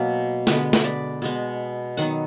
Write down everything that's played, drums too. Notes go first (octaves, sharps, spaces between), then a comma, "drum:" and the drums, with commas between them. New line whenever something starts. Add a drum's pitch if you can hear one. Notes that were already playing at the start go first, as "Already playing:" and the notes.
Already playing: B2 F#3 A#3
D3 G#3 B3 B4, drum: snare
B4, drum: snare
D5
B2 G#3 B3
D#3 F#3 B3 F#5